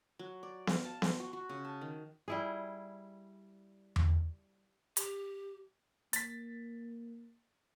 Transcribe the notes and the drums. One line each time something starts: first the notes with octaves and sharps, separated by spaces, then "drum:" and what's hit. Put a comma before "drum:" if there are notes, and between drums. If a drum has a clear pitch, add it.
F#3
D5
F5, drum: snare B3
A5
C6, drum: snare B3
F#4
F#4
C#3
A5
D#3
G3 E4 G#4
drum: tom E2
G4, drum: hi-hat
A#3 A6 B6, drum: hi-hat